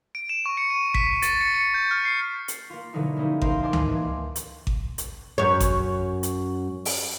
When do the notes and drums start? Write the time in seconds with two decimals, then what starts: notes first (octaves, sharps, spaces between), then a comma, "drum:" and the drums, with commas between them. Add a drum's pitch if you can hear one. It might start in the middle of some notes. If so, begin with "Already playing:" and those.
0.15 D7
0.29 E7
0.46 C#6
0.57 C#7
0.70 D#7
0.94 B6, drum: kick G#1
1.22 A6, drum: hi-hat
1.41 C#7
1.55 C#7
1.74 G6
1.91 F6
2.05 C7
2.48 drum: hi-hat
2.70 A#3 F4
2.93 B2 D3 F3 F#3 D#4 E4
3.17 G3 A#3 C#4 D#4 E4
3.42 D#4 A#4 C5 F5 C6, drum: kick G#1
3.62 D#5 G#5 A5 C6 D6
3.73 drum: tom C#2
3.88 E3 A#3
4.36 drum: hi-hat
4.67 drum: kick G#1
4.98 drum: hi-hat
5.38 F#2 C#5
5.60 drum: kick G#1, hi-hat
6.23 drum: hi-hat
6.85 drum: open hi-hat